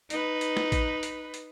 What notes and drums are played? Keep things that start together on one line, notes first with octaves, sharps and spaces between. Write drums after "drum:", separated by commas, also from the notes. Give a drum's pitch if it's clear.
D#4 B4, drum: hi-hat
drum: hi-hat
drum: snare
drum: kick, hi-hat
drum: hi-hat
drum: hi-hat